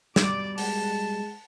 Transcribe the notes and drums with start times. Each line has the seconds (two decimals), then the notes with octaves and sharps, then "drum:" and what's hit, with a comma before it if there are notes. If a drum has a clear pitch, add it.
0.16 B2 G3 D5 D6, drum: snare
0.58 G#3 A5, drum: open hi-hat